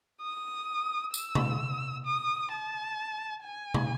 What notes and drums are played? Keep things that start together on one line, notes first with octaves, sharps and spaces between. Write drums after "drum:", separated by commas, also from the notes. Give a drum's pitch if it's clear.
D#6
E6, drum: tambourine
drum: tom C3
D#6
A5
G#5
drum: tom C3